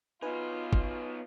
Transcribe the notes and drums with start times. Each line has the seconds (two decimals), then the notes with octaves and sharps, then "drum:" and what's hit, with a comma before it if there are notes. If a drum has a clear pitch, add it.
0.22 B3 D#4 F4 B4 G#5
0.73 drum: kick